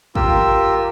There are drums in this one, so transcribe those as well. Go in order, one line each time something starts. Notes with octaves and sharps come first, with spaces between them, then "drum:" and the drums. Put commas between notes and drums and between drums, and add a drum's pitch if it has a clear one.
F4 G4 A#4 E6, drum: kick